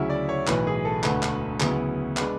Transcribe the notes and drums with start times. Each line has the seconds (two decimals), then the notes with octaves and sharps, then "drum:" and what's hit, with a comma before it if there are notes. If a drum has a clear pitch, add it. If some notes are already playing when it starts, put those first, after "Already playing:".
Already playing: D2 C#3 F#3 C#4 E4 E5
0.10 D5
0.29 C#5
0.47 B1 A2 E3 B4, drum: clap
0.67 G#4
0.85 A4
1.04 E1 D2 D3 A3 B4, drum: clap
1.23 drum: clap
1.60 D2 C#3 F#3 B3 E4, drum: clap
2.17 G#3 D4 B4, drum: clap